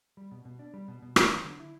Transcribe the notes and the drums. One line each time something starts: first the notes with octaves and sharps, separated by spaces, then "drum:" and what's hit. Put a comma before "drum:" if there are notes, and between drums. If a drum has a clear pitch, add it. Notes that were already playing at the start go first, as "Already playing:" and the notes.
G3
B2
B2
D4
G3
B2
B2
D4, drum: rim click
F#3
D3
E4